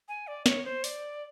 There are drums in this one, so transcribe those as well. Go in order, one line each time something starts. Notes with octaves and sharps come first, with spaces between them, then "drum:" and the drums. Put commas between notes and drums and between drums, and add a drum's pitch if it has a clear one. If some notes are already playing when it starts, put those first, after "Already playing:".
G#5
D5
C#5, drum: snare
C5
D5, drum: open hi-hat